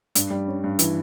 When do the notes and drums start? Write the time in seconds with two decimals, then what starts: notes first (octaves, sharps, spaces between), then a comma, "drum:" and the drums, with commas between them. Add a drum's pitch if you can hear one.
0.15 G2, drum: hi-hat
0.30 G3
0.48 C#4
0.64 G2
0.79 E3, drum: hi-hat